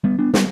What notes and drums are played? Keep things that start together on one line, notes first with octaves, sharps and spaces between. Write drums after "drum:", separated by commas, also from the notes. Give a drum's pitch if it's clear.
G3 B3
B3 D4
G3 B3, drum: snare